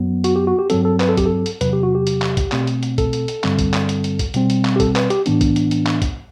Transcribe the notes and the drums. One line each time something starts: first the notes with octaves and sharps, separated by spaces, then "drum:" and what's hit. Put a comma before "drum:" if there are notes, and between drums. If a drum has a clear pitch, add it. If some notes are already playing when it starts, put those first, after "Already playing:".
Already playing: F#2 F#3 B3
F#4, drum: hi-hat
G4
F#4
G4
G2 F#3 C4 A4, drum: hi-hat
A4
B4, drum: clap
A4
G4, drum: kick, hi-hat
A4
drum: hi-hat
E2 C3 F#3 B4, drum: hi-hat
G4
F#4
G4
drum: hi-hat
drum: clap
drum: kick, hi-hat
B2 A3 C4, drum: clap
drum: hi-hat
drum: hi-hat
A4, drum: kick, hi-hat
drum: hi-hat
drum: hi-hat
G2 D3 G3 C4, drum: clap
drum: kick, hi-hat
drum: clap
drum: hi-hat
drum: hi-hat
drum: kick, hi-hat
B2 G3 C4, drum: hi-hat
drum: hi-hat
drum: clap
G4
A4, drum: kick, hi-hat
B4, drum: clap
G4, drum: hi-hat
A2 E3 B3 D4, drum: hi-hat
drum: kick, hi-hat
drum: hi-hat
drum: hi-hat
drum: clap
drum: kick, hi-hat